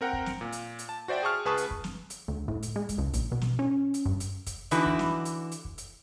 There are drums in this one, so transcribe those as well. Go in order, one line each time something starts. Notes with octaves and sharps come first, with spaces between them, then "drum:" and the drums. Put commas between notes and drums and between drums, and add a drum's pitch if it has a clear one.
C4 A#4 F#5 G5 A#5
drum: kick
drum: snare
A#2
drum: hi-hat
drum: hi-hat
A5
F#4 C5 D5 E5 G5
G#4 A5 C#6 F6
C#2 G#4 B4 A5 C#6 D#6
drum: hi-hat
drum: kick
drum: snare
drum: hi-hat
D2
A2, drum: kick
drum: hi-hat
G#3
drum: kick, hi-hat
C#2
A#1, drum: hi-hat
B2
drum: snare
C#4
drum: hi-hat
G2, drum: kick
drum: hi-hat
drum: kick, hi-hat
D3 E3 D#4 E4 F#4 B4, drum: hi-hat
drum: kick
drum: snare
drum: hi-hat
drum: hi-hat
drum: kick
drum: hi-hat